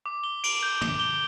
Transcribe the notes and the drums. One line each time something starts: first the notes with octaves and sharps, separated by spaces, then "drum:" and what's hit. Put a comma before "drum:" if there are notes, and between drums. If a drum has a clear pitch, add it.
D6
G7
D7, drum: cymbal
G6
D6, drum: tom
G7